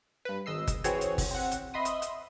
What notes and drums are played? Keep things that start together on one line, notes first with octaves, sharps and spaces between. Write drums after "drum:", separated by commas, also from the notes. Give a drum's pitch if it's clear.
G2 B4
G#1 D#5 E6 C7
drum: kick G1, hi-hat
E3 C4 F#4 G#4 C#5, drum: hi-hat
drum: hi-hat
drum: kick G1, open hi-hat
C4 F#5
drum: hi-hat
D#5 E5 B5 C6 D#6
drum: hi-hat
drum: hi-hat